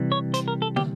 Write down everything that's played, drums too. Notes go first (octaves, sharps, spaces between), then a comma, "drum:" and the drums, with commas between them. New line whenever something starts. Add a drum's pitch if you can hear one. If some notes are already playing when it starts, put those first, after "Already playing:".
Already playing: C3 E3 G3
C#5
C5, drum: hi-hat
A#4
A4
G4, drum: tom